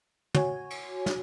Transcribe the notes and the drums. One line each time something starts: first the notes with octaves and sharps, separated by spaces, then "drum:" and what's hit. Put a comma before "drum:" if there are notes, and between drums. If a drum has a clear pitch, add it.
F#4 C#5 G#5, drum: tom
drum: cymbal
drum: snare